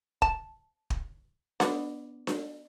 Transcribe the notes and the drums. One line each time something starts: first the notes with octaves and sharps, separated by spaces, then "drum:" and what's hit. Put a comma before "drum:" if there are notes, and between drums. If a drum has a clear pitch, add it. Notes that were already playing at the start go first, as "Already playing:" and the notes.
A5, drum: kick
drum: kick
B3 D4 F#5, drum: snare D4
drum: snare D4